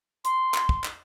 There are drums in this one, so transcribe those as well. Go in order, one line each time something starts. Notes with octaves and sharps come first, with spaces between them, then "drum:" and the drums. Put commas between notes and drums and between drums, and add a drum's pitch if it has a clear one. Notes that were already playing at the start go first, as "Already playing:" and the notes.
C6, drum: hi-hat
drum: clap
drum: kick
drum: clap